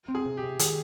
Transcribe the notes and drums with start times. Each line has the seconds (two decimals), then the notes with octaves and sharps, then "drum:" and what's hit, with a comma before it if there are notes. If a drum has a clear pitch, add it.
0.08 C4
0.15 G#4
0.26 C3
0.37 G4
0.43 C3
0.59 D#3 G#4, drum: hi-hat